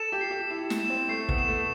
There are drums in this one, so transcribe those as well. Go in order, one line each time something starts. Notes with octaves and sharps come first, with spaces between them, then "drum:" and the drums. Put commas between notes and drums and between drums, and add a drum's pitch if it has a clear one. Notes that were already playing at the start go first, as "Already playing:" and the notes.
Already playing: A4 E7
G4
C7
G4
E4 E7
drum: snare
E7
C4
A3 C7
B3, drum: kick
E7
A3